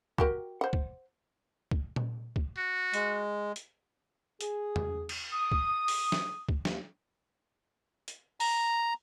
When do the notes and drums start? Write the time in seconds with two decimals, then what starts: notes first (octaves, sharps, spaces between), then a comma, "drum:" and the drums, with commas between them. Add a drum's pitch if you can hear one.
0.18 F#4 G4 A#4, drum: kick
0.61 C5 F#5
0.73 drum: kick
1.71 drum: kick
1.96 drum: tom A#2
2.36 drum: kick
2.57 F#4
2.94 G#3, drum: hi-hat
3.56 drum: hi-hat
4.41 G#4, drum: hi-hat
4.76 drum: tom E2
5.09 drum: cymbal
5.33 D#6
5.52 drum: kick
5.88 drum: open hi-hat
6.12 drum: snare
6.49 drum: kick
6.65 D#2, drum: snare
8.08 drum: hi-hat
8.40 A#5, drum: open hi-hat